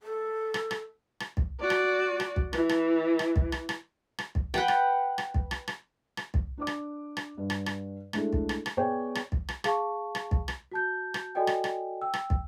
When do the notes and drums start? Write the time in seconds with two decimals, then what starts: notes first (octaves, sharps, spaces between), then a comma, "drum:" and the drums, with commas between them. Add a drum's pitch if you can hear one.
0.03 A4
0.54 drum: rim click
0.71 drum: rim click
1.20 drum: rim click
1.37 drum: kick
1.60 F#4 D5
1.70 drum: rim click
2.20 drum: rim click
2.36 drum: kick
2.53 E3, drum: rim click
2.69 drum: rim click
3.19 drum: rim click
3.36 drum: kick
3.52 drum: rim click
3.69 drum: rim click
4.18 drum: rim click
4.35 drum: kick
4.54 B4 F#5 G5, drum: rim click
4.68 drum: rim click
5.18 drum: rim click
5.34 drum: kick
5.51 drum: rim click
5.68 drum: rim click
6.17 drum: rim click
6.34 drum: kick
6.58 D4 D5 D6
6.67 drum: rim click
7.17 drum: rim click
7.38 G2
7.50 drum: rim click
7.66 drum: rim click
8.13 G#3 A3 D4 E4 A4, drum: rim click
8.33 drum: kick
8.49 drum: rim click
8.66 drum: rim click
8.77 B3 G#4 C#5 D5 G5 G#5
9.15 drum: rim click
9.32 drum: kick
9.48 drum: rim click
9.64 G#4 F5 A5 C#6, drum: rim click
10.15 drum: rim click
10.31 drum: kick
10.48 drum: rim click
10.72 F#4 A5 G6
11.14 drum: rim click
11.35 F#4 A4 D5 D#5 G5 G#5
11.47 drum: rim click
11.64 drum: rim click
12.01 G5 E6
12.14 drum: rim click
12.30 drum: kick